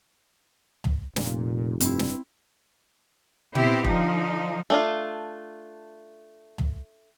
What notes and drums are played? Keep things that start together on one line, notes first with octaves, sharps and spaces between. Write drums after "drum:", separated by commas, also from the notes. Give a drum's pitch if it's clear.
drum: tom
F1 A#2, drum: snare
G2 C4 E4, drum: hi-hat
drum: snare
B3 C4 E4 G4, drum: tom A#2
D3 F3 D#4, drum: kick E1
A3 D4 F4
drum: tom